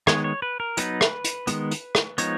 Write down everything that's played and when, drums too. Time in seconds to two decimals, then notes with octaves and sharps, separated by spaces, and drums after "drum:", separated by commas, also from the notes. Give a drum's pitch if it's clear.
0.07 D#3 G#3 B3 C#5, drum: rim click
0.24 C#5
0.42 B4
0.60 A#4
0.77 F#3 B3 D#4 B4, drum: hi-hat
1.01 drum: rim click
1.24 drum: hi-hat
1.47 D#3 G#3 B3, drum: hi-hat
1.71 drum: hi-hat
1.95 drum: rim click
2.18 F3 G#3 B3 D#4 C#5, drum: hi-hat